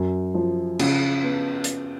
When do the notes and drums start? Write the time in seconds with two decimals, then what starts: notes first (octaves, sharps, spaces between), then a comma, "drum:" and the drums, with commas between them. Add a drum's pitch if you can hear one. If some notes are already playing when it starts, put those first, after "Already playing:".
Already playing: F#2
0.34 F3
0.79 C#3, drum: cymbal
1.23 B3
1.64 drum: hi-hat